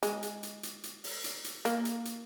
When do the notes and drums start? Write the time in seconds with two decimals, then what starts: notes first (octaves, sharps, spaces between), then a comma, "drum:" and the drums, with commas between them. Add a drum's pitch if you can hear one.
0.03 G#3, drum: hi-hat
0.23 drum: hi-hat
0.43 drum: hi-hat
0.63 drum: hi-hat
0.83 drum: hi-hat
1.04 drum: open hi-hat
1.24 drum: hi-hat
1.44 drum: hi-hat
1.65 A#3, drum: hi-hat
1.85 drum: hi-hat
2.05 drum: hi-hat